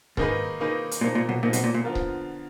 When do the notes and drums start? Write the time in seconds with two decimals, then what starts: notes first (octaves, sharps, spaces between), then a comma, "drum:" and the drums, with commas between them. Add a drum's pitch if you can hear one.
0.17 G#2 D#3 A#3 D#4 G#4 B4, drum: kick C#1
0.59 D#3 A#3 D#4 G#4 B4
0.91 drum: hi-hat
1.01 A#2 F3 A#3 D#4
1.15 A#2
1.29 B1 B2
1.43 A#2 F3 A#3 D#4
1.53 B1 B2, drum: hi-hat
1.64 A#2
1.74 A#2
1.84 D3 F3 B3 F4 A#4
1.95 drum: kick C#1